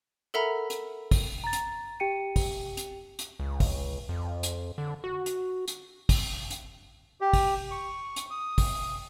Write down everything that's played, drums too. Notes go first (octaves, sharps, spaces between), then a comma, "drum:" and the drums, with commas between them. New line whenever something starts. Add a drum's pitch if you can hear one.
A4 A#4 E5 F#5 A#5 B5
drum: hi-hat
drum: kick, open hi-hat
A#5 A6
drum: hi-hat
G4 G5 C#7 D#7
drum: kick, open hi-hat
drum: hi-hat
drum: hi-hat
C#2
drum: kick, open hi-hat
F2
drum: hi-hat
D3
F#4
drum: hi-hat
drum: hi-hat
drum: kick, open hi-hat
drum: hi-hat
G4
drum: kick, open hi-hat
C#6
drum: hi-hat
D#6
drum: kick, open hi-hat